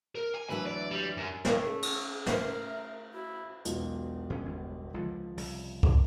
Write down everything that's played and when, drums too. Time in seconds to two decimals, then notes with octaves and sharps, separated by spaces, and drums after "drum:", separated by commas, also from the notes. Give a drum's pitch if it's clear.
0.15 A#4
0.34 G#5
0.50 D2 E3 F#3 B4
0.67 D5
0.91 G3
1.17 F#2
1.45 A3 C#4, drum: snare
1.64 G#4
1.83 drum: cymbal
2.26 A3 A#4 C5 E5 B5, drum: snare
3.13 E4 F#4
3.65 E1 B1 F4, drum: hi-hat
4.30 E2 C#4
4.45 G1
4.94 C#2 D3 F3
5.37 C2 C#3, drum: open hi-hat
5.83 drum: kick C2